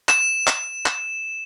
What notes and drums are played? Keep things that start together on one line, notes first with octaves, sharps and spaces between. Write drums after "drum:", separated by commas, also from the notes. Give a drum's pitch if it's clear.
E7, drum: clap
drum: clap
drum: clap